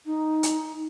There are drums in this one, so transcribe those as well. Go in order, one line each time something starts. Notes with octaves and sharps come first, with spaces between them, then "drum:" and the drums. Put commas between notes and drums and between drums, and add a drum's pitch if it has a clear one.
D#4
drum: hi-hat